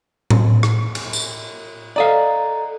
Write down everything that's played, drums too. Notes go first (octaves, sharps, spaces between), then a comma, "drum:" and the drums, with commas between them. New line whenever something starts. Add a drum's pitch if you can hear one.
drum: tom A2
drum: rim click
drum: cymbal
drum: tambourine
A4 D5 D#5 F5 A#5